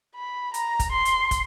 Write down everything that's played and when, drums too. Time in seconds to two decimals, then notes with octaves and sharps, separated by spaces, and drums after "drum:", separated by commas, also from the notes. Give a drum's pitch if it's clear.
0.16 B5
0.54 A#5, drum: hi-hat
0.80 drum: kick, hi-hat
0.92 C6
1.05 drum: hi-hat
1.31 drum: kick, hi-hat